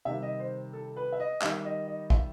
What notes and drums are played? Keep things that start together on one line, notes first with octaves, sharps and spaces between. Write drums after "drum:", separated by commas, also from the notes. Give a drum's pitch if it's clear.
C3 D#3 G3 E5
D#5
C5
A4
B4
E5
D#5
D#3 G3 E5, drum: clap
D#5
D#5
E5, drum: kick